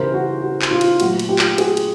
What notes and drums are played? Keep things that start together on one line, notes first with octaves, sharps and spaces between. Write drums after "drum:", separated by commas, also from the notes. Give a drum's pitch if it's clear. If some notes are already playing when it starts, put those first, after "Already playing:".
Already playing: C#3 E3 G3 A#4 C5
F#4
F#4
drum: clap
F4
drum: cymbal
A#2 F#3 A3 F#4, drum: cymbal
drum: cymbal
F4 G4
drum: clap
F#4 G#4, drum: cymbal
drum: cymbal